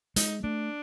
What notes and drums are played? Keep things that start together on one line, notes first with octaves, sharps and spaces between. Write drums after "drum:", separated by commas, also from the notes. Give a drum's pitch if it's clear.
G#3 D#4, drum: hi-hat
A3 D4